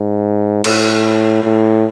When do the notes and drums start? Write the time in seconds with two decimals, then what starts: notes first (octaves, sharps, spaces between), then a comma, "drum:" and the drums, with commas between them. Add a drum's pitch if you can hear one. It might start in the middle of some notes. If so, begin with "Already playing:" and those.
Already playing: G#2
0.64 A2, drum: cymbal
1.44 A2